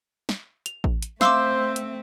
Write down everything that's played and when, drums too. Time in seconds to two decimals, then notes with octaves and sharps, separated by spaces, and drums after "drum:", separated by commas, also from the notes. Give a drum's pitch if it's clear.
0.29 drum: snare
0.66 F7, drum: hi-hat
0.84 drum: kick A1
1.02 drum: hi-hat
1.21 A3 C4 C5 E5 F5 C6 D6 E6, drum: snare
1.76 drum: hi-hat